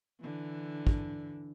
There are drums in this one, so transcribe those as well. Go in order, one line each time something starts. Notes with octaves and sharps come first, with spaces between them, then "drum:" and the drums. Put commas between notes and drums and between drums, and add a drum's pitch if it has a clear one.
D3 E3
drum: kick